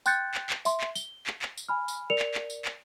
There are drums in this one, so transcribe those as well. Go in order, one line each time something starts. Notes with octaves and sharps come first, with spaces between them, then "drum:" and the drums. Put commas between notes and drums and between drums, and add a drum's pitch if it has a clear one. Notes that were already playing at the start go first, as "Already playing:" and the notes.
G5 C6 F#6 G6 A6 C#7, drum: tambourine
drum: clap
drum: clap
E5 C6, drum: tambourine
drum: clap
G7, drum: tambourine
drum: clap
drum: clap
drum: tambourine
G#5 B5 F6
drum: tambourine
A#4 D5 C#7 F7
drum: clap
drum: clap
drum: tambourine
drum: clap